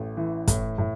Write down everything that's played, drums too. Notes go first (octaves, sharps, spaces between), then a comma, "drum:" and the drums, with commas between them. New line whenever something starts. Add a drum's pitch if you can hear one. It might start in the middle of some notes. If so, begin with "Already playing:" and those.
Already playing: A1 A3
E3
A2, drum: kick, hi-hat
A2